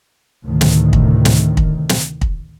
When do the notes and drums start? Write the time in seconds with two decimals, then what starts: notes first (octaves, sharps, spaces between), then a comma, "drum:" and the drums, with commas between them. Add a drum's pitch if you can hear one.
0.45 D2 A2 C3 D#3
0.61 drum: snare
0.93 drum: kick
1.25 drum: snare
1.57 drum: kick
1.89 drum: snare
2.21 drum: kick